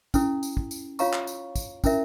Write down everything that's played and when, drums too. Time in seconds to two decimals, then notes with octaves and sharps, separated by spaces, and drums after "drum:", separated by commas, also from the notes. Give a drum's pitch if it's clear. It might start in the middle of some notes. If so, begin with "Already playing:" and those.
0.14 C#4 E4 A4, drum: kick, tambourine
0.43 drum: tambourine
0.57 drum: kick
0.71 drum: tambourine
0.99 F4 C#5 F5 A#5 C#6, drum: tambourine
1.13 drum: clap
1.27 drum: tambourine
1.56 drum: kick, tambourine
1.84 C#4 E4 A#4 E5, drum: kick, tambourine